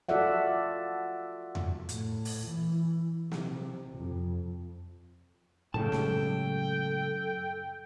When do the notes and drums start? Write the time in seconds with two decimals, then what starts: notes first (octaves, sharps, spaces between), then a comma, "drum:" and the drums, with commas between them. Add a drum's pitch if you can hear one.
0.09 F4 F#4 A4 D5 E5 F#5
1.55 drum: tom E2
1.89 A2, drum: hi-hat
2.25 drum: open hi-hat
2.47 E3
3.32 C3, drum: snare
3.97 F2
5.74 F#2 A2 C#3 G#3 A4 G5 A5
5.92 drum: snare